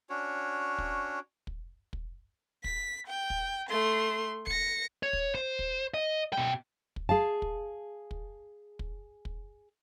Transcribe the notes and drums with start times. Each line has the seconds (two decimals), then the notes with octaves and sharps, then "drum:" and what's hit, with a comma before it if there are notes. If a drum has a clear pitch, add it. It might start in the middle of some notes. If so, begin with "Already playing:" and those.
0.10 C#4 D4 F#4 C#5
0.78 drum: kick
1.47 drum: kick
1.93 drum: kick
2.64 B6, drum: kick
3.07 G5
3.30 drum: kick
3.69 A3 C6
4.47 A#6 C#7, drum: kick
5.03 C#5
5.13 drum: kick
5.35 C5
5.59 drum: kick
5.94 D#5
6.33 B2 G5
6.96 drum: kick
7.09 G#4 F5 A5
7.42 drum: kick
8.11 drum: kick
8.79 drum: kick
9.25 drum: kick